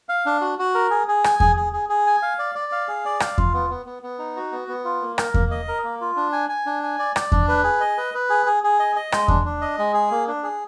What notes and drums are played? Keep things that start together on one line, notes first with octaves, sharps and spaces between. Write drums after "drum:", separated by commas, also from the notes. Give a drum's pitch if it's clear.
F5
D4
F#4
F#4
A#4
G#4
G#4
G#5, drum: rim click
G#4, drum: kick E2
G#4
G#4
G#4
G#5
F5
D5
D5
F5
G#4
D5
F5, drum: rim click
F4, drum: kick E2
B3
B3
B3
B3
D#4
F#4
B3
B3
F4
A#3
A#4, drum: rim click
A#3, drum: kick E2
D#5
A#4
A#3
F4
D4
G#5
G#5
D4
G#5
D5
D5, drum: rim click
D4, drum: kick E2
B4
G#4
D#5
B4
B4
G#4
G#4
G#4
D#5
D#5
G#3, drum: rim click
D4, drum: kick E2
D4
D#5
G#3
G#4
A#3
D4
G#4